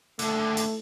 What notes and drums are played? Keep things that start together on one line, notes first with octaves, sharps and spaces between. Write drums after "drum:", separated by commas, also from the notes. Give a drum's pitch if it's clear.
D#2 D3 A3, drum: hi-hat
drum: hi-hat